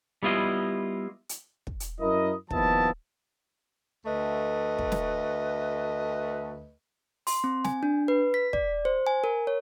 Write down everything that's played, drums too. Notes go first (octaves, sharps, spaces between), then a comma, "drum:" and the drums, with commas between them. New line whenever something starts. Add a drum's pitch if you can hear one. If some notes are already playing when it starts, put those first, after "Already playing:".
G3 B3 E4 F4 D#5
drum: hi-hat
drum: kick
drum: hi-hat
F#2 E4 A#4 D#5
D#2 F3 B3 E4 D#5 A5, drum: kick
D2 A3 B4 D#5
drum: kick
drum: snare
C6, drum: open hi-hat
C4
G#5, drum: snare
D4
B4
B6
D5, drum: kick
C5
G#5
A#4
C#5